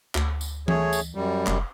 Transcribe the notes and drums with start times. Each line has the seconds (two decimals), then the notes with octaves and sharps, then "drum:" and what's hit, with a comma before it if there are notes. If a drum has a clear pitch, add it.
0.15 D2, drum: clap
0.41 drum: tambourine
0.68 A3 G#4 C#5, drum: tom E3
0.93 drum: tambourine
1.15 F#2 G3
1.47 F1, drum: clap